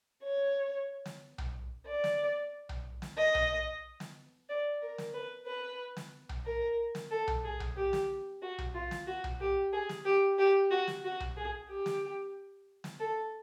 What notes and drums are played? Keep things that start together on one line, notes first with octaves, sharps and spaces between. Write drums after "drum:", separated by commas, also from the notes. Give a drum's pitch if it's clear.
C#5
drum: snare
drum: tom B1
D5
drum: snare
drum: tom B1
drum: snare
D#5
drum: tom B1
drum: snare
D5
A#4
drum: snare
B4
B4
drum: snare
drum: tom B1
A#4
drum: snare
A4
drum: tom B1
G#4
drum: tom B1
G4
drum: snare
F#4
drum: tom B1
F4
drum: snare
F#4
drum: tom B1
G4
G#4
drum: snare
G4
G4
F#4
drum: snare
F#4
drum: tom B1
G#4
G4
drum: snare
drum: snare
A4